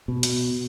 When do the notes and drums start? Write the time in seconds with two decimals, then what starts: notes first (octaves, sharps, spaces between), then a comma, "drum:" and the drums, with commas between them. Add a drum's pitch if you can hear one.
0.08 B2
0.23 drum: hi-hat